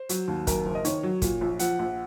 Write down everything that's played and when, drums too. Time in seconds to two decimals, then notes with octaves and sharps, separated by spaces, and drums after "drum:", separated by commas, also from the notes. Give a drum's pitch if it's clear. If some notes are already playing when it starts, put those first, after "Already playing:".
Already playing: C5
0.09 F#3, drum: hi-hat
0.28 D#2
0.47 F#2 A#4, drum: kick, hi-hat
0.65 F#1
0.75 D#5
0.85 D#3 C#5, drum: hi-hat
1.03 F#3
1.22 A#2, drum: kick, hi-hat
1.41 A#1
1.59 F3 F#5, drum: hi-hat
1.79 A#1